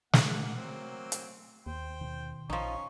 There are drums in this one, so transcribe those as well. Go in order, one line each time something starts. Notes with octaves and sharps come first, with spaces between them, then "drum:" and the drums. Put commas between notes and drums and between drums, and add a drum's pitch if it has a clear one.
A3 A#3 F#5, drum: snare
F#3 A#3 C4
drum: hi-hat
D#2 C5 G5
B2 D#3
A#1 F3 C#4 D#4 C#6